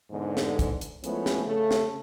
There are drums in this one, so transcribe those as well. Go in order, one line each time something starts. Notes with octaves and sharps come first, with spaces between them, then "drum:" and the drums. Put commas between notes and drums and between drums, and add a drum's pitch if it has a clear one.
E2 G#2 D3
drum: snare
drum: kick, hi-hat
drum: hi-hat
F3 G#3 A3 B3 C#4 E4, drum: hi-hat
drum: snare
C#3 A3
drum: snare